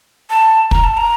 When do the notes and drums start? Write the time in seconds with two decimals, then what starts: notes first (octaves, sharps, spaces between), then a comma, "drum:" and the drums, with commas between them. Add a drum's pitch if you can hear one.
0.30 A5
0.71 A#5, drum: kick
0.84 A5
0.97 A#5